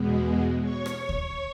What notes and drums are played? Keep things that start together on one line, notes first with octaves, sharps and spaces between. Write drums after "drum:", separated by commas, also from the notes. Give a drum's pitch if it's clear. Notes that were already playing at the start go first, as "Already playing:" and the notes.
Already playing: E2 B2 G#3 B3
C#5 C#6
drum: rim click
drum: kick